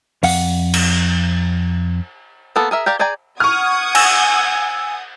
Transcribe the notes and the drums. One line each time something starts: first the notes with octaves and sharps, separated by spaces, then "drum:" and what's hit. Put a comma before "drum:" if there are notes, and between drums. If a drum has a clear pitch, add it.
F2 F5 F#5, drum: open hi-hat
drum: cymbal
A#3 B3 A4
G#4 A#4 E5
G4 A#4 D5 F5
G#4 D5 G5 G#5 A#5
F#5 C#6 D#6 F6 G#6
G#5 E6, drum: cymbal